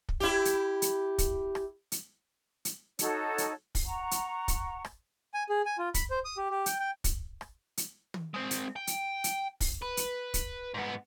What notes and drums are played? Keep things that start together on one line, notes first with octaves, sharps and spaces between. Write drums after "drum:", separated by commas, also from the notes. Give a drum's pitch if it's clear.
drum: kick
E4 G4
drum: hi-hat
drum: hi-hat
drum: kick, hi-hat
drum: rim click
drum: hi-hat
drum: hi-hat
D#4 F#4 A4 C#5, drum: hi-hat
drum: hi-hat
drum: kick, open hi-hat
F#5 A#5 C#6
drum: hi-hat
drum: kick, hi-hat
drum: rim click
G#5
G#4
G#5
F4
B5, drum: kick, hi-hat
C5
D#6
G4
G4
G5, drum: hi-hat
G5
drum: kick, hi-hat
drum: rim click
drum: hi-hat
drum: tom
G#3 C4
drum: hi-hat
G5
drum: hi-hat
drum: hi-hat
drum: kick, open hi-hat
B4
drum: hi-hat
drum: kick, hi-hat
G#2 B3